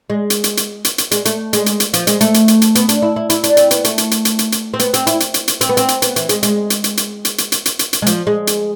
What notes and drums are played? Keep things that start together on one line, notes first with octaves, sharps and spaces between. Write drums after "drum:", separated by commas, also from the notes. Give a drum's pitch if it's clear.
G#3
drum: hi-hat
drum: hi-hat
drum: hi-hat
drum: hi-hat
drum: hi-hat
G#3, drum: hi-hat
A3, drum: hi-hat
G#3, drum: hi-hat
drum: hi-hat
drum: hi-hat
F3, drum: hi-hat
G#3, drum: hi-hat
A3, drum: hi-hat
drum: hi-hat
drum: hi-hat
drum: hi-hat
B3, drum: hi-hat
D4, drum: hi-hat
E4
E4
E4, drum: hi-hat
D4, drum: hi-hat
C4, drum: hi-hat
B3, drum: hi-hat
A3, drum: hi-hat
drum: hi-hat
drum: hi-hat
drum: hi-hat
drum: hi-hat
drum: hi-hat
C4
B3, drum: hi-hat
C4, drum: hi-hat
E4, drum: hi-hat
drum: hi-hat
drum: hi-hat
drum: hi-hat
C4, drum: hi-hat
B3
C4, drum: hi-hat
drum: hi-hat
B3, drum: hi-hat
E3, drum: hi-hat
G#3, drum: hi-hat
G#3, drum: hi-hat
drum: hi-hat
drum: hi-hat
drum: hi-hat
drum: hi-hat
drum: hi-hat
drum: hi-hat
drum: hi-hat
drum: hi-hat
drum: hi-hat
G#3
F3, drum: hi-hat
G#3
drum: hi-hat